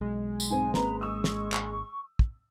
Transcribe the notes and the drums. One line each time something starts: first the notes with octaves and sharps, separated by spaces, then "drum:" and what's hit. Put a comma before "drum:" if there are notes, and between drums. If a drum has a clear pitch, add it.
B1 G#3
drum: tambourine
G#2 C4 G#5
G#1 A#3 C4 C#4 B4 A#5, drum: snare
C#6 D#6 E6
drum: snare
drum: clap
drum: kick